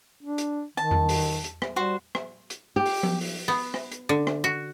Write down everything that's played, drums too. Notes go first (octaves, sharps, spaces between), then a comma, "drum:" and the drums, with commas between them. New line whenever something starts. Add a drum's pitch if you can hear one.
D4
drum: hi-hat
D#3 A5
drum: tom E2
drum: open hi-hat
drum: hi-hat
drum: rim click
G3 F#4 C5
drum: rim click
drum: hi-hat
G4
drum: open hi-hat
drum: tom F3
drum: open hi-hat
B3
drum: rim click
drum: hi-hat
D3
drum: rim click
F#4